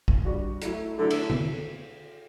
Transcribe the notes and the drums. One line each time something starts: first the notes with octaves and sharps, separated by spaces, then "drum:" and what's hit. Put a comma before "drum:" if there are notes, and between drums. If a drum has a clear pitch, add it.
drum: kick
G3 D4 F#4
F#3 A3 E4, drum: hi-hat
D3 F#3 A3 E4
drum: cymbal
drum: tom